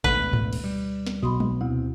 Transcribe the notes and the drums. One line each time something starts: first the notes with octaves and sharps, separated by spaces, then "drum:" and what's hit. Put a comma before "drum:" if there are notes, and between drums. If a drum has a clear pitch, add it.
E1 D2 B2 A3 B4, drum: kick G#1
drum: tom G#2
drum: cymbal
G3
drum: snare
B1 B2 B5 C6 D#6
drum: tom
D2 C3 C4 E4